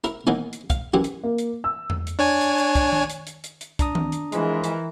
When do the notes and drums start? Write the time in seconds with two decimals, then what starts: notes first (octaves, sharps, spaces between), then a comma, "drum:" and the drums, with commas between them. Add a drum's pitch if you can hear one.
0.04 E4 A#4, drum: hi-hat
0.27 D#3 E3 A#3 B3
0.53 drum: hi-hat
0.70 F5, drum: kick, hi-hat
0.94 F#2 E3 G4
1.04 drum: hi-hat
1.23 A#3
1.38 drum: hi-hat
1.64 E6
1.90 drum: tom E2
2.07 drum: hi-hat
2.19 D4 C#5 G#5
2.41 drum: hi-hat
2.58 drum: hi-hat
2.75 drum: kick, hi-hat
2.92 drum: tom D#3
3.10 drum: hi-hat
3.27 drum: hi-hat
3.44 drum: hi-hat
3.61 drum: hi-hat
3.79 D4 A#5 D#6, drum: kick, hi-hat
3.95 drum: tom D#3
4.12 drum: hi-hat
4.32 E3 F3 G#3 A#4, drum: hi-hat
4.64 drum: hi-hat